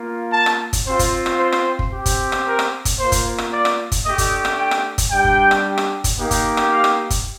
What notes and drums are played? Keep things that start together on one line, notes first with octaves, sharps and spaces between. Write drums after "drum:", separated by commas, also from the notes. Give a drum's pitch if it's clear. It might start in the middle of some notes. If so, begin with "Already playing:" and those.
Already playing: A#3 F4
A5
drum: rim click
drum: kick, hi-hat
C4 F4 C5
drum: kick, hi-hat
drum: rim click
C5
drum: rim click
drum: kick
C4 G4
drum: kick, hi-hat
drum: rim click
A#4
drum: rim click
drum: kick, hi-hat
A#3 F4 C5
drum: kick, hi-hat
drum: rim click
D5
drum: rim click
drum: kick, hi-hat
A3 D4 G4 D#5
drum: kick, hi-hat
drum: rim click
G5
drum: rim click
drum: kick, hi-hat
G3 D4 G4 G5
drum: kick
drum: rim click
drum: rim click
drum: kick, hi-hat
A#3 D#4 G4
drum: kick, hi-hat
drum: rim click
F5
drum: rim click
drum: kick, hi-hat